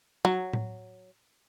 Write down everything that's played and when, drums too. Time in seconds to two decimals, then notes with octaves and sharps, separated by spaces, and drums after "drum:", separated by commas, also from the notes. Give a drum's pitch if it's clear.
0.25 F#3, drum: tom F#3
0.53 drum: tom A2